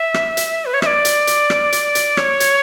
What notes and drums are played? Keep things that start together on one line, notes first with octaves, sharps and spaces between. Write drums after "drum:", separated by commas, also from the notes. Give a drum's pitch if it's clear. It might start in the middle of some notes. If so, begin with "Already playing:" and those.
Already playing: E5
drum: rim click
drum: hi-hat
B4
C#5
E5, drum: rim click
D5
drum: hi-hat
drum: hi-hat
drum: rim click
drum: hi-hat
drum: hi-hat
C#5, drum: rim click
drum: hi-hat